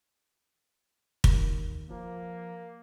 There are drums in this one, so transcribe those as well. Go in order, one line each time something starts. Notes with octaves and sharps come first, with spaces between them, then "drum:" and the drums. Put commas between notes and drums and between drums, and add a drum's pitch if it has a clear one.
D#2 D#3, drum: kick
F3 A#3